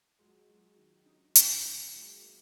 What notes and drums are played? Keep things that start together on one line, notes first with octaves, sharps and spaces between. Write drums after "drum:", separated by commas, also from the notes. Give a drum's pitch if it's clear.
F#3 G#3
F#3 G#3
D#3
D#4
D#3, drum: hi-hat
D#3
F#3 G#3
A#3